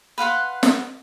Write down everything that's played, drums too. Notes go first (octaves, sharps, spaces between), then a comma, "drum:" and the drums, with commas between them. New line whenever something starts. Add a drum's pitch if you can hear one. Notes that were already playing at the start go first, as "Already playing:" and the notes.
B4 F5 F#5 C6
drum: snare